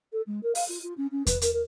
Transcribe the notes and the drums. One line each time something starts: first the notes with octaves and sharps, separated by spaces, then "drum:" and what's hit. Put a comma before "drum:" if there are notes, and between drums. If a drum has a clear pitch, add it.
A4
G#3
A#4
F5, drum: open hi-hat
F4
F4
C#4
C#4
B4, drum: kick E2, hi-hat
A#4, drum: hi-hat
A#4